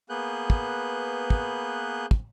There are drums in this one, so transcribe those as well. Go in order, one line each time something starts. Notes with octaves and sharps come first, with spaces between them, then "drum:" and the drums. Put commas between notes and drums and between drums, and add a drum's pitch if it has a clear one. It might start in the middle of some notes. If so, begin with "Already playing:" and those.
A#3 B3 G#4 B4 F#6 G6
drum: kick
drum: kick
drum: kick